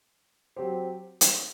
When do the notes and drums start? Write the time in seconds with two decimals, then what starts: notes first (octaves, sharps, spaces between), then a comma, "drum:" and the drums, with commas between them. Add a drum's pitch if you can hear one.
0.56 F#3 C4 G4 C5
1.21 drum: hi-hat